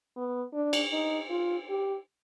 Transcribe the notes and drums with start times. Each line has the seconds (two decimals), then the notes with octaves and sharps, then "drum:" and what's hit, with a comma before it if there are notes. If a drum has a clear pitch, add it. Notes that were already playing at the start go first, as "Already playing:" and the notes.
0.17 B3
0.54 D4
0.73 drum: cymbal
0.93 D#4
1.30 F4
1.69 G4